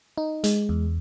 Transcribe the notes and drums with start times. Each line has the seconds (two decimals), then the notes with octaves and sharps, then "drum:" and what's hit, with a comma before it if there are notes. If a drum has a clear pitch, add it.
0.18 D#4
0.44 G#3, drum: hi-hat
0.69 E2